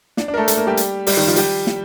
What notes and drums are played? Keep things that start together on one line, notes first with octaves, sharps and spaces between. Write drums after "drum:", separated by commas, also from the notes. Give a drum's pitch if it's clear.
D4, drum: snare
D4
A#4
A3 A4
A3 A4, drum: hi-hat
A#3 A#4
G3 G4
drum: hi-hat
G3 G4, drum: open hi-hat
D#3 D#4
F3 F4
G3 G4, drum: hi-hat
drum: snare